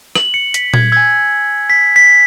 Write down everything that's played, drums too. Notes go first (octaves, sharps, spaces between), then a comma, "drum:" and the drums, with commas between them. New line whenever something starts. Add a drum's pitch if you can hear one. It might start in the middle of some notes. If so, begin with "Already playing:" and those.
F#7, drum: rim click
C#7
B6, drum: hi-hat
G#6, drum: tom A#2
G#5 E6 G#6
B6
B6